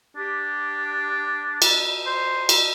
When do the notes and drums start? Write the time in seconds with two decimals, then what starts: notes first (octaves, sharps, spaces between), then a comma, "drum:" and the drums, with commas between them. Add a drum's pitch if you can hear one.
0.17 D4 G4
1.62 drum: cymbal
2.06 C5
2.49 drum: cymbal